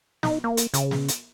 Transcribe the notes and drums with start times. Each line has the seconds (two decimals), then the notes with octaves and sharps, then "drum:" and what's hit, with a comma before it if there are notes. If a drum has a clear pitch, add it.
0.23 D#4, drum: snare
0.44 A#3
0.57 drum: hi-hat
0.74 C#3, drum: hi-hat
0.91 drum: snare
1.08 drum: hi-hat